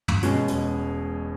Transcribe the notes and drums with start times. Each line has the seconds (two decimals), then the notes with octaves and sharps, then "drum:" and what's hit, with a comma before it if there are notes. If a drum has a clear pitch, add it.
0.08 drum: tom
0.22 B2 G#3 C#4, drum: hi-hat
0.48 E1, drum: hi-hat